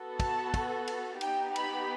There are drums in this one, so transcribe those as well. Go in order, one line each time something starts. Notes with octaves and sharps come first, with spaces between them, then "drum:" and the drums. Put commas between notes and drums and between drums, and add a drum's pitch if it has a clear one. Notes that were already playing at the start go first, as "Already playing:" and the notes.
Already playing: B3 F#4 A4
A5, drum: kick, cymbal
drum: kick, cymbal
drum: cymbal
B3 D#4 G4 G5, drum: cymbal
B5, drum: cymbal